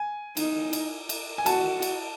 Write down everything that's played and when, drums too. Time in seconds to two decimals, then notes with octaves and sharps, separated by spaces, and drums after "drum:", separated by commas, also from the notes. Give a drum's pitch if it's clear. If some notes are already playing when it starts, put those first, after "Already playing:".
Already playing: G#5
0.37 D#4, drum: cymbal
0.73 drum: cymbal
1.09 drum: cymbal
1.38 G#5
1.46 F#4 A5, drum: cymbal
1.82 drum: cymbal